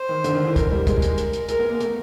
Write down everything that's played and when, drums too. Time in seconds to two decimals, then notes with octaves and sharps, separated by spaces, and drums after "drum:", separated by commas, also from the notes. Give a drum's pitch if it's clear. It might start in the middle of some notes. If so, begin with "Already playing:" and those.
Already playing: C5
0.09 D#3
0.24 D3, drum: hi-hat
0.35 D#3
0.45 E3
0.56 A#4, drum: kick, hi-hat
0.72 G3
0.87 G#3, drum: kick, hi-hat
1.02 drum: hi-hat
1.18 drum: hi-hat
1.33 drum: hi-hat
1.49 G#3 A#4, drum: hi-hat
1.59 B3
1.70 A#3
1.81 A3, drum: hi-hat